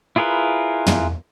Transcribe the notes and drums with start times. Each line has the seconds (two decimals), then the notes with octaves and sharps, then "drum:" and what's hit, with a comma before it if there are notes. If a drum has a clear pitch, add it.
0.16 E4 F4 G#4 A#4 B4
0.86 drum: tom